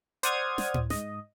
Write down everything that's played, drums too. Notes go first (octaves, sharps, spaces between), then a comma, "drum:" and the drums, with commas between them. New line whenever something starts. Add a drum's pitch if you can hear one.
C5 D5 F#5 D#6 F6 G#6, drum: hi-hat
drum: snare
drum: tom A2
G#2 D#5, drum: snare